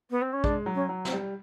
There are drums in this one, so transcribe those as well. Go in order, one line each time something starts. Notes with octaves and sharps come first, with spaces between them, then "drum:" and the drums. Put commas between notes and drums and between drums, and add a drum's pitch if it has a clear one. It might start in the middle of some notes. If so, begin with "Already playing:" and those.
B3
C4
C#4
G#3 D4, drum: kick
F#3
C#4
F#3
C4, drum: snare
G3